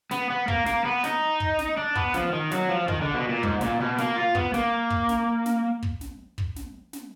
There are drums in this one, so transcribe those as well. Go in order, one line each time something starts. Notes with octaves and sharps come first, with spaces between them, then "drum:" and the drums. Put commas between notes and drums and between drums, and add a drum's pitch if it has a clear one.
B3, drum: snare
B3
A#3, drum: kick
A#3, drum: snare
B3
D#4, drum: snare
drum: kick
drum: snare
D4
B3, drum: kick
F3, drum: snare
D#3
F#3, drum: snare
F3
D#3, drum: kick
D3
B2
A#2
G#2, drum: kick
A#2, drum: snare
B2
A#3, drum: snare
F4
B3, drum: kick
A#3, drum: snare
drum: kick
drum: snare
drum: snare
drum: kick
drum: snare
drum: kick
drum: snare
drum: snare